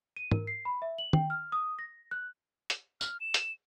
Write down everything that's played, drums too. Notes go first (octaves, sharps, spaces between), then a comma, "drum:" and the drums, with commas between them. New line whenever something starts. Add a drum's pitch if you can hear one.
D#7
A#4, drum: tom
C7
B5
E5
F#7
G5, drum: tom
F6
D#6
A#6
F#6
drum: hi-hat
F6, drum: tambourine
E7
drum: hi-hat